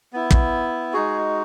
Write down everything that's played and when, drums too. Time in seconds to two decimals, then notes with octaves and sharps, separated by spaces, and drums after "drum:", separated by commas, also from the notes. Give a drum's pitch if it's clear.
0.13 B3 E4
0.31 drum: kick
0.93 G#3 D#4 F#4 G#4